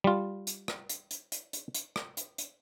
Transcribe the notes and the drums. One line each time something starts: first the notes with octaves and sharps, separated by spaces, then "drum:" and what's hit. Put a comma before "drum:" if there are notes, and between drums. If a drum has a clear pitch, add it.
G3 F4
drum: hi-hat
drum: rim click
drum: hi-hat
drum: hi-hat
drum: hi-hat
drum: hi-hat
drum: hi-hat
drum: rim click
drum: hi-hat
drum: hi-hat